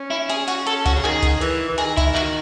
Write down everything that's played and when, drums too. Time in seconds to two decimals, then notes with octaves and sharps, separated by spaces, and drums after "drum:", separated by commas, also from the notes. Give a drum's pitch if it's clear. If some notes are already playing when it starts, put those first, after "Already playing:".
Already playing: C#4
0.10 E4
0.30 G#4, drum: hi-hat
0.48 F#4, drum: hi-hat
0.67 A4, drum: hi-hat
0.86 F#4, drum: kick C#2, hi-hat
0.95 C#3
1.04 D#3 G#4, drum: clap
1.23 drum: kick C#2, hi-hat
1.41 E3, drum: hi-hat
1.69 E3
1.78 D#3 G#4, drum: hi-hat
1.97 E4, drum: kick C#2, hi-hat
2.15 F#4, drum: clap